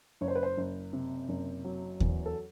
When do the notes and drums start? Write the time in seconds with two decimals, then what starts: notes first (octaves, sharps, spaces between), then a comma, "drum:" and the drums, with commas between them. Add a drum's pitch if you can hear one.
0.21 F#1 C#5
0.28 C5
0.35 B4
0.43 C5
0.57 F#1
0.93 C3
1.29 F#1
1.64 F#3
2.00 E2, drum: kick D#2
2.26 A4